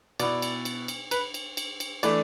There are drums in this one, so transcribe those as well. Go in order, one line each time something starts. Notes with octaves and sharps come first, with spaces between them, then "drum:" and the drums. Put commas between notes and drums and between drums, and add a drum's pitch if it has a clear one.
B2 B3 E4 D5, drum: cymbal
drum: cymbal
drum: cymbal
drum: cymbal
B4, drum: cymbal
drum: cymbal
drum: cymbal
drum: cymbal
E3 A3 D4 D5, drum: cymbal